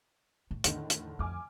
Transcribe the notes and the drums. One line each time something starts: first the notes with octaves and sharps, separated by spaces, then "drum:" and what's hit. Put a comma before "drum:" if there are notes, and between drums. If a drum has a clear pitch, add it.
A2
E2 A2 D3 D#3, drum: hi-hat
drum: hi-hat
F2 G#5 D6 F6